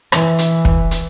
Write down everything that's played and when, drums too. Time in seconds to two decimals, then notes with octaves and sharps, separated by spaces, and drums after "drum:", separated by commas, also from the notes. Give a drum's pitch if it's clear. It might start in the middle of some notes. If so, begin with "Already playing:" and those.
0.12 E3, drum: rim click
0.38 drum: hi-hat
0.65 drum: kick
0.91 drum: hi-hat